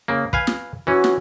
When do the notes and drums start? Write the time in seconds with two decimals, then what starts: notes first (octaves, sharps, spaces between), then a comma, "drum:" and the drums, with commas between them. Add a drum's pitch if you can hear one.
0.08 C#3 A#3
0.33 B4 F5 G#5, drum: kick
0.47 drum: snare
0.87 E3 C#4 F#4
1.04 drum: snare